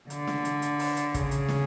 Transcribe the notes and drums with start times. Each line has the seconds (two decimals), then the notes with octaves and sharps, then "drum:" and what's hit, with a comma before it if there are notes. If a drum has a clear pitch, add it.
0.10 D3, drum: hi-hat
0.27 drum: snare
0.45 drum: hi-hat
0.62 drum: hi-hat
0.79 drum: open hi-hat
0.97 drum: hi-hat
1.14 C#3, drum: kick, hi-hat
1.31 drum: hi-hat
1.48 drum: snare